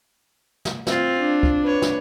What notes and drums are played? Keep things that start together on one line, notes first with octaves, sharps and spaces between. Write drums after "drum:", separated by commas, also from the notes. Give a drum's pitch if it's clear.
drum: snare
C4 F4, drum: snare
D4
drum: kick C#2
B4 C#5
drum: snare